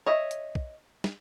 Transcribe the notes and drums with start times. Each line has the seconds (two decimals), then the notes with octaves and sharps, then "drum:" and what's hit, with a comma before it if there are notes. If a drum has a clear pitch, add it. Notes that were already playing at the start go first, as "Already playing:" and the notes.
0.06 C#5 D#5 E5
0.31 drum: hi-hat
0.55 drum: kick
1.04 drum: snare